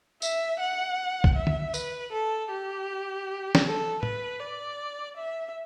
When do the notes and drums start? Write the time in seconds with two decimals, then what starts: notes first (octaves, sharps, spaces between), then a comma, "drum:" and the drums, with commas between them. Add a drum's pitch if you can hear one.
0.22 E5, drum: tambourine
0.60 F#5
1.24 drum: kick C2
1.36 E5
1.47 drum: tom
1.74 B4, drum: tambourine
2.13 A4
2.51 G4
3.55 drum: snare
3.65 A4
4.03 B4, drum: tom
4.40 D5
5.17 E5